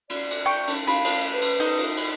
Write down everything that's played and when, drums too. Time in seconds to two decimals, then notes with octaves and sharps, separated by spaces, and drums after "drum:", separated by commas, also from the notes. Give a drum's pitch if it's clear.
0.10 D5, drum: cymbal
0.30 drum: cymbal
0.46 G5 C#6
0.67 drum: cymbal
0.87 F5 B5, drum: cymbal
1.04 drum: cymbal
1.32 B4
1.41 drum: cymbal
1.60 D#4, drum: cymbal
1.78 drum: cymbal
1.97 drum: cymbal